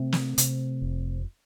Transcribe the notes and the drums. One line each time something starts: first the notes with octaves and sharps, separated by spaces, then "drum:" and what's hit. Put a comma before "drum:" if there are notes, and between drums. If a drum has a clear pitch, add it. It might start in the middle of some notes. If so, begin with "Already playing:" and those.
Already playing: C3 A3 C4
drum: snare
C3, drum: hi-hat
F1